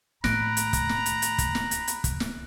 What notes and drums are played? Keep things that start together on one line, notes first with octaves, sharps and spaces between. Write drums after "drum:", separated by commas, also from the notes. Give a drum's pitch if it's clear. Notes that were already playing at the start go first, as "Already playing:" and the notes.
A2 D#3 A#5 B5 F#6 A#6 D7, drum: snare
drum: hi-hat
drum: kick, hi-hat
drum: snare
drum: hi-hat
drum: hi-hat
drum: kick, hi-hat
drum: snare
drum: hi-hat
drum: hi-hat
drum: kick, hi-hat
drum: snare